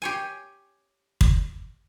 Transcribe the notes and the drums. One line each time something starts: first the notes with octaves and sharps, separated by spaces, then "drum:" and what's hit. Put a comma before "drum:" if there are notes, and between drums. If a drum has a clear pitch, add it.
G4 C#5 G#5
drum: kick